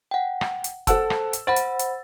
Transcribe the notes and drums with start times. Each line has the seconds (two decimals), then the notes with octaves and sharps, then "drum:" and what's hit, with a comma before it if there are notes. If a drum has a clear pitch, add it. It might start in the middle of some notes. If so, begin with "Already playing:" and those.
0.11 F#5 G5
0.41 drum: rim click
0.64 drum: hi-hat
0.87 A4 C5 F#5 A5 E6, drum: kick F#1, hi-hat
1.10 drum: rim click
1.33 drum: hi-hat
1.47 C5 F#5 B5 A6
1.56 drum: hi-hat
1.79 drum: hi-hat